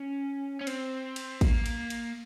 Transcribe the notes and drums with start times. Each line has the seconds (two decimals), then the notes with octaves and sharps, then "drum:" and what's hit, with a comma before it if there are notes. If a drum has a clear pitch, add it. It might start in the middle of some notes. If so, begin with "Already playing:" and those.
Already playing: C#4
0.61 C#4
0.67 C4, drum: cymbal
1.16 drum: cymbal
1.41 A#3, drum: kick, cymbal
1.66 drum: cymbal
1.90 drum: cymbal